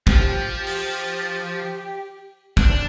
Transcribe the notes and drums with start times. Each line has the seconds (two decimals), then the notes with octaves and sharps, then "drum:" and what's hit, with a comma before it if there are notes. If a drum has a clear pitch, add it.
0.07 F3 G4, drum: kick
0.67 drum: open hi-hat
2.57 D4, drum: kick